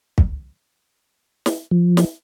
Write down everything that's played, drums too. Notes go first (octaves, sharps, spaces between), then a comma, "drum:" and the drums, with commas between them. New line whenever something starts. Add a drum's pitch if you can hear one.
drum: kick
drum: snare
F3
drum: snare